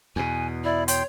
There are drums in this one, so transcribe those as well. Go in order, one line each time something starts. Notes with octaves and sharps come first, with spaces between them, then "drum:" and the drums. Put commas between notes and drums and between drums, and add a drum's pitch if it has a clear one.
E2 B2 G#5
E4 D5
C#5 G5 C6, drum: hi-hat